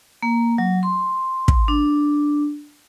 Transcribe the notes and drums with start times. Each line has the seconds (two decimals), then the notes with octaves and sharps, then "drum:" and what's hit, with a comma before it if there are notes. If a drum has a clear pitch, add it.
0.22 A#3
0.58 F#3
0.83 C6
1.48 drum: kick
1.68 D4